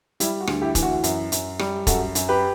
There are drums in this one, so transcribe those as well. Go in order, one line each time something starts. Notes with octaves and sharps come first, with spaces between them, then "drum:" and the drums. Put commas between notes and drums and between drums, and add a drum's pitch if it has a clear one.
G3 E4, drum: hi-hat
F#4
D2, drum: rim click
E4 G4
E3, drum: kick, hi-hat
F#4
F#2, drum: hi-hat
F#2, drum: hi-hat
G3, drum: rim click
F#2 F#4 A4, drum: kick, hi-hat
F#2, drum: hi-hat
G4 B4